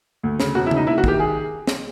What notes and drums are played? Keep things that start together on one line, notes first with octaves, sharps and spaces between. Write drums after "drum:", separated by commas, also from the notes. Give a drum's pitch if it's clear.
D2
C#3, drum: snare
E1 F#4
E4
C#3, drum: tom C#3
D#4
A#1 E4
F#4
D#3 G4, drum: kick
G#4
drum: snare